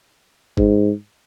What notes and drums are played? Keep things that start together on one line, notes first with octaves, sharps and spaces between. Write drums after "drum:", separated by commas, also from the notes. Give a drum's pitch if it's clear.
G#2, drum: kick G#1